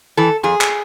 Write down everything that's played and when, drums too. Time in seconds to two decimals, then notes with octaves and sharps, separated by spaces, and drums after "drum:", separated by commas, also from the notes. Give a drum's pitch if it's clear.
0.17 E3 A4
0.43 F2 G#4
0.61 drum: clap